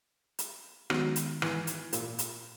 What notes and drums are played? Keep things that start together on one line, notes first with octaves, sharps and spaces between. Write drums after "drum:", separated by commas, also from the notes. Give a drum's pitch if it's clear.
drum: hi-hat
D#3 F#3 G#3 B3 D#4, drum: rim click
drum: hi-hat
E3, drum: rim click
drum: hi-hat
A#2, drum: hi-hat
drum: hi-hat